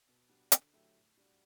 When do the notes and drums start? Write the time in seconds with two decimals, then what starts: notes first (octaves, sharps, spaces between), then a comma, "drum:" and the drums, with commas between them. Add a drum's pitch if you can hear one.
0.08 B2
0.29 G3 D4 F#4
0.52 D3, drum: hi-hat
0.73 F#3 A3 E4 G4
0.95 A2
1.17 G3 D4 F#4